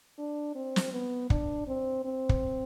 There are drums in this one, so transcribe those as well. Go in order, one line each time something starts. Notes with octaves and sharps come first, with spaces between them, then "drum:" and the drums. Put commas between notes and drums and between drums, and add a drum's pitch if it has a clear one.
D4
C4
drum: snare
B3
D4, drum: kick
C4
C4
drum: kick